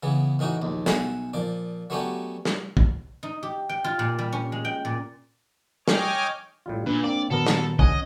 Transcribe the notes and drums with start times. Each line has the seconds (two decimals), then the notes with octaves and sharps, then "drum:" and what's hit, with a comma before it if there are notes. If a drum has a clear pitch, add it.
0.03 C#3 E3 B3
0.39 A2 E3 D#4 F#4
0.62 A#1 D#2
0.86 B1 E5 F#5 G#5 A5, drum: snare
1.33 A#2 F3 D5
1.90 F#3 A3 B3 C#4 D4 G4
2.45 drum: snare
2.77 drum: kick
3.23 D#4
3.43 G4
3.69 G5
3.84 F4
3.99 A#2
4.19 G3
4.32 C#4
4.52 G#3
4.65 G5
4.85 A#2
5.88 C#5 D#5 G5 G#5 D6 F6, drum: snare
6.66 A2 G3 F4
6.86 A#2 D4 B4
7.03 A#3 C4 D5
7.31 A#2 D#3 F#3 B3 A4 A#4
7.46 drum: snare
7.79 C2 C#4 D#5 F#5 G#5, drum: kick